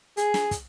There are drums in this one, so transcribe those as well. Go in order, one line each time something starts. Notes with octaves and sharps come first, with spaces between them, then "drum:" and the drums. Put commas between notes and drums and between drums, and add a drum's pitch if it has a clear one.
G#4, drum: hi-hat
drum: snare
drum: kick, hi-hat